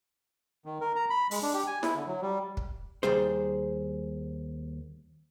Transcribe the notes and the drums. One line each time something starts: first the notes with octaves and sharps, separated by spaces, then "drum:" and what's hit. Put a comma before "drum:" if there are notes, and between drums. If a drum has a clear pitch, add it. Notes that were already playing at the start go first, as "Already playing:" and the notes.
D#3
A#4
A#5
B5
G#3, drum: open hi-hat
D4
G4
G#5
E4, drum: snare E4
D3
F#3
G3
drum: kick
D#2 G3 G#4 C5